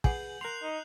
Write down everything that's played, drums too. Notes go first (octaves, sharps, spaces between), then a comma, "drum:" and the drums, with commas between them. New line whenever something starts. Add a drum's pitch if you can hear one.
G#4 B4 F#5 G#5 G6 F#7, drum: kick
A#4 C6 F#6 C7 F7
D#4